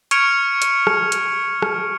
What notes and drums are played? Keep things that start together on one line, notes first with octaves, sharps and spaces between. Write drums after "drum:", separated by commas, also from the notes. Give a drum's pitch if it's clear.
C#6 F6 G#6 C#7 D7 F7, drum: hi-hat
drum: hi-hat
drum: rim click
drum: hi-hat
drum: rim click